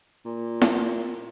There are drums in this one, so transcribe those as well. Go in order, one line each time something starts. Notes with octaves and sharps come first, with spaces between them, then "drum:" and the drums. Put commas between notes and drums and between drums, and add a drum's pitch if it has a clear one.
A#2
drum: snare E4